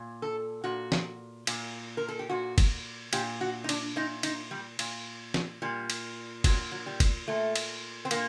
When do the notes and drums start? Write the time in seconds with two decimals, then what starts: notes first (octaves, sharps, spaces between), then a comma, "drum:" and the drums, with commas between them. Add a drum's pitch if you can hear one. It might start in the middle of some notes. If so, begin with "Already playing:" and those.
Already playing: A#2
0.22 A4
0.64 A#2 F#4
0.92 drum: snare
1.47 A#2, drum: cymbal
1.97 A#4
2.08 A4
2.19 G4
2.29 A#2 F#4
2.58 drum: kick, cymbal
3.13 A#2 G4, drum: cymbal
3.41 F#4
3.64 D#4
3.69 D4, drum: cymbal
3.96 A#2 D#4
4.23 D#4, drum: cymbal
4.51 G3
4.79 A#2, drum: cymbal
5.34 drum: snare
5.62 A#2 G3
5.90 drum: cymbal
6.44 A#2 F#3, drum: kick, cymbal
6.72 F#3
6.86 G3
7.00 drum: kick, cymbal
7.28 A#2 A3
7.56 drum: cymbal
8.05 C4
8.11 A#2 A#3, drum: cymbal